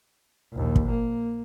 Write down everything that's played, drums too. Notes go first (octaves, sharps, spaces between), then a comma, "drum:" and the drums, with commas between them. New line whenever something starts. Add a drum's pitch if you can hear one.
A#1 D#2
drum: kick
A#3